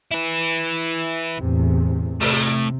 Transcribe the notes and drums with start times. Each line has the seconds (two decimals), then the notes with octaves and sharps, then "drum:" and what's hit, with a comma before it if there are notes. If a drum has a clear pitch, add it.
0.11 E4 B4
1.38 E2 A2 C3
2.21 A2 C3, drum: open hi-hat